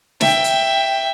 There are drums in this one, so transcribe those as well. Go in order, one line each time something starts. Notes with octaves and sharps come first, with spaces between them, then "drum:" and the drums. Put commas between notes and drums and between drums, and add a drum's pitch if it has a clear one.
E5 G5, drum: snare
drum: hi-hat